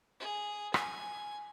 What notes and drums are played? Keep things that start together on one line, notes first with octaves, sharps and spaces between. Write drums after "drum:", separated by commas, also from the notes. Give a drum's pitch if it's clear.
G#4
G#5, drum: rim click